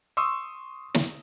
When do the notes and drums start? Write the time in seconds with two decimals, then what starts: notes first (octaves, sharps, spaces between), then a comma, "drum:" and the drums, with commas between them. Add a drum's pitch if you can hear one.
0.17 C6 C#6 D#6 E6
0.94 drum: snare